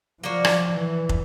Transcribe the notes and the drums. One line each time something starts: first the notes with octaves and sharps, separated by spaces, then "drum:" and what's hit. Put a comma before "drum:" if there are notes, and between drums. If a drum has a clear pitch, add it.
F3 A#3 D4 F#4
drum: rim click
E3
drum: kick